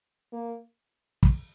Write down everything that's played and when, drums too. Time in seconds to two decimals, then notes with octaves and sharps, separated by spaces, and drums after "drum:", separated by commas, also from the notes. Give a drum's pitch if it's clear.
0.33 A#3
1.23 drum: kick